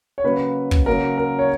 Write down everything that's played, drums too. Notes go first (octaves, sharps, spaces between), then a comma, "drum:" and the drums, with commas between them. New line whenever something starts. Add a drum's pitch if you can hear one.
C#5
C#3 F#3 A#3 B4
drum: kick
C#3 F#3 A#3 A#4
A#4
C#5